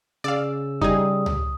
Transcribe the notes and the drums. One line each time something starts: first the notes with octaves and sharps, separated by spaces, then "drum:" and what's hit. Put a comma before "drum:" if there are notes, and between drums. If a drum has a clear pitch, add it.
C#3 D5 F5 E6
G3 D#4 G#4 D#6, drum: kick
drum: tom C#2